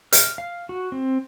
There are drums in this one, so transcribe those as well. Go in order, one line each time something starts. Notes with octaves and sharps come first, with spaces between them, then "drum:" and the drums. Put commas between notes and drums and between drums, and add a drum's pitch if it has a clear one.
F6, drum: hi-hat
F5
F#4
C4